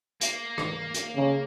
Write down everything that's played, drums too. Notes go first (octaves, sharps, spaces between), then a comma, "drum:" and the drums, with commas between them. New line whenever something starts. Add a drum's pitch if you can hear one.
A#3, drum: hi-hat
drum: rim click
drum: hi-hat
C#3